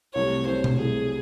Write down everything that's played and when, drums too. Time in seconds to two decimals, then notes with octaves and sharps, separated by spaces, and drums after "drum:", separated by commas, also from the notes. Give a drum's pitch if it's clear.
0.15 C2 C3 F#3 A3 C#5
0.46 C2 C3 F#3 A3 C5
0.64 drum: tom B2
0.77 C2 C3 F#3 A3 G#4